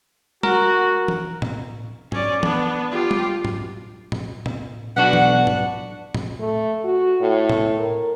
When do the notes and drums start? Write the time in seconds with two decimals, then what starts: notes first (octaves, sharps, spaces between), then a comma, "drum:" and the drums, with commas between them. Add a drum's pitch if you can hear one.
0.43 F#4 A#4, drum: tom G3
1.08 drum: tom E3
1.42 drum: tom A2
2.12 C#4 D5, drum: tom
2.43 B3 D4, drum: tom E3
2.91 F4 G4
3.11 drum: tom G3
3.45 drum: tom
4.12 drum: tom A2
4.46 drum: tom A2
4.96 B1 D4 F#4 B4 F#5
5.13 drum: tom E3
5.47 drum: tom
6.15 drum: tom A2
6.40 A3
6.84 F#4
7.21 A2
7.49 drum: tom A2
7.79 A#4